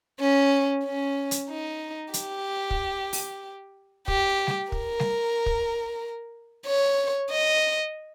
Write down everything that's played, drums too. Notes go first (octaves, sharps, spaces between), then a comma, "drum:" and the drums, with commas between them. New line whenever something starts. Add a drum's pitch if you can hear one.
C#4
C#4
drum: hi-hat
D#4
G4, drum: hi-hat
drum: kick
drum: open hi-hat
G4, drum: kick
drum: snare G3
A#4, drum: kick
drum: snare G3
drum: kick
C#5
D#5